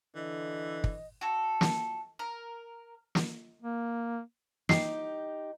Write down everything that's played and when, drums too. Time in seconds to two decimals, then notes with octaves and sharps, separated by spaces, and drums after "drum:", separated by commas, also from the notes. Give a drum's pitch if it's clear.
0.15 D3 E3 D#5
0.84 drum: kick
1.21 F#4 A4
1.61 drum: snare
2.19 A#4
3.15 drum: snare
3.62 A#3
4.69 D#4 G4 C7, drum: snare